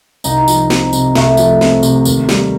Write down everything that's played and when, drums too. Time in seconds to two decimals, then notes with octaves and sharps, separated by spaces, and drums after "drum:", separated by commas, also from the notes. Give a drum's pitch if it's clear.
0.24 C2 D#4, drum: tambourine
0.48 F3, drum: tambourine
0.70 C4, drum: snare
0.93 C3, drum: tambourine
1.15 C2 A3, drum: snare
1.37 F3, drum: tambourine
1.61 C4, drum: snare
1.83 C3, drum: tambourine
2.05 D#2, drum: tambourine
2.29 G3, drum: snare